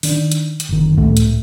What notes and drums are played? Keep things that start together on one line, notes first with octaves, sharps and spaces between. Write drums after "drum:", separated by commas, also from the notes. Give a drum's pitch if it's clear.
D#3 D4, drum: open hi-hat
drum: hi-hat
drum: hi-hat
F#1 D#3
C#2 A2 A3
drum: hi-hat